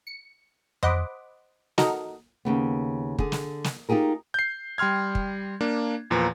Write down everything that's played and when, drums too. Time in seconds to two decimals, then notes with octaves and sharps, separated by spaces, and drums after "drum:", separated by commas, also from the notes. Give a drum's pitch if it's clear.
0.07 C#7
0.83 C5 D#5 F#5 B5 D6, drum: tom F2
1.78 D#4 F#4 A4 A#4 D#5, drum: snare
2.45 D#2 C#3 B3
3.19 D3 G#4, drum: kick
3.32 drum: snare
3.64 drum: snare
3.89 D#4 F4 G4 G#4 A#4
4.34 G6 C7
4.78 G3 G5 C6 F6 G#6
5.15 drum: kick
5.61 A#3 D4
6.10 E2 A#2 F3 B4 A#5